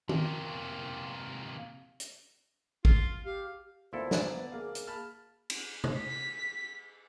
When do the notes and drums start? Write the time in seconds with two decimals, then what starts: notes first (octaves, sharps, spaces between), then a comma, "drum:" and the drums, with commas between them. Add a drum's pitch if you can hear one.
0.09 C3 A#3, drum: tom
2.00 drum: hi-hat
2.85 F4, drum: kick
3.25 G4 F5
3.93 D2 A#3 B3 E4 F4 A4 C5
4.11 D5 G#5 A#5, drum: snare
4.31 B3
4.52 A#3 G#4 A#4 F5
4.75 drum: hi-hat
4.87 A5 B5 F6
5.50 drum: cymbal
5.84 drum: tom C3
5.99 B6